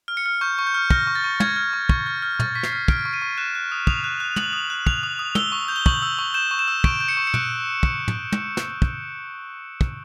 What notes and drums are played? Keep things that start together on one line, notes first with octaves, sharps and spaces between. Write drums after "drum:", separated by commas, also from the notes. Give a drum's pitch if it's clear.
F6
C#7
F6
C#6 G6
C#6
G6
F6
F6 A#6, drum: kick
C#6
A6
C#6
F6 G#6, drum: tom
F6
C#6
C#6, drum: kick
F6
F6
C#6 A6, drum: tom
C#6 B6
C7, drum: snare
F6
F6 D7, drum: kick
C#6
D#7
C#6
F#6 E7
F#6
D#6
D#6 F7, drum: kick
F#6
F#6
D#6 F#7, drum: tom
D#6
F#6
F#6 F7, drum: kick
D#6
D#6
E6 G7, drum: tom
C#6
G6
G7
C#6 F#7, drum: kick
E6
C#6
G6 E7
C#6
E7
E6
C#6 D7, drum: kick
G6
C#7
C#6
C#7
F#6 D7, drum: tom
drum: kick
drum: tom
drum: tom
drum: snare
drum: kick
drum: kick